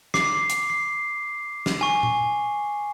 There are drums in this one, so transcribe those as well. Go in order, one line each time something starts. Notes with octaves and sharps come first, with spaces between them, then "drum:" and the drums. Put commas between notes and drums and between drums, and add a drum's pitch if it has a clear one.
D6 C7, drum: snare
drum: hi-hat
C7
drum: snare
G#5 C#6
drum: tom A#2